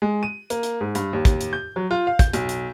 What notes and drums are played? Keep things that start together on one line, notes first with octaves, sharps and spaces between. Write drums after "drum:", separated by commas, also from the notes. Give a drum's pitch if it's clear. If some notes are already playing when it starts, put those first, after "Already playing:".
G#3
D#7
A#3, drum: hi-hat
drum: hi-hat
G#2
G2, drum: hi-hat
D#2
drum: kick, hi-hat
drum: hi-hat
G6
F#3
F4
F5
G6, drum: kick, hi-hat
B1, drum: hi-hat
drum: hi-hat